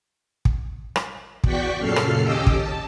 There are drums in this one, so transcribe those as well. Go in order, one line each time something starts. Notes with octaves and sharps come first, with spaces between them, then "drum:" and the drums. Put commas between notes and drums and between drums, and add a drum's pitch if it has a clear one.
drum: kick
drum: rim click
E2 F#4 D5 G5 C#6 B6, drum: kick
F#2 A#2 C#3 A4 F6 C7
drum: rim click
D#2 C#4 G4 D#5 D6 E6
drum: kick
A5